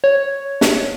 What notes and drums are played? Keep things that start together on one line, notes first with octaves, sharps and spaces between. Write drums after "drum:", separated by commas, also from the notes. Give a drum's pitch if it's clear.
C#5
drum: snare